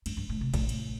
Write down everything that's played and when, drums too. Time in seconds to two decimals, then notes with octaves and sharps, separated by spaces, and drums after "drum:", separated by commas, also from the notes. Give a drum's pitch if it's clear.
0.06 G2, drum: cymbal
0.17 G2
0.29 A2
0.41 C3
0.54 A2, drum: kick G#1, cymbal
0.69 drum: cymbal